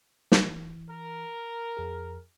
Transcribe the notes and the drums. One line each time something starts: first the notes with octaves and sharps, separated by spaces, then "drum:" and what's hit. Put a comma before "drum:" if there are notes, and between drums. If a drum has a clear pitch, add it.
drum: snare
E3
A#4
F2 G#4